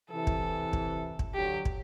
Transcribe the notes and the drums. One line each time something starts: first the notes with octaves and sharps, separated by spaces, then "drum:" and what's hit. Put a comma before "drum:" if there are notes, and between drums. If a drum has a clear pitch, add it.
C3 E3 A4
drum: kick
drum: kick
drum: kick
D3 F#3 G4
drum: kick